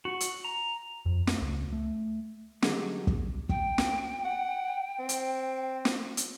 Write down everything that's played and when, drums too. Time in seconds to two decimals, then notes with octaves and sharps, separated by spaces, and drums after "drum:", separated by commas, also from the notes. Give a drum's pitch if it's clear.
0.05 F#4
0.20 drum: hi-hat
0.44 A#5
1.06 F2
1.27 A3, drum: snare
1.41 C#2
1.73 A3
2.62 D3 D#3 F#3 G3 G4 G#4, drum: snare
3.07 drum: kick
3.49 G5, drum: kick
3.78 drum: snare
4.25 F#5
4.99 C4
5.09 drum: hi-hat
5.85 drum: snare
6.17 drum: hi-hat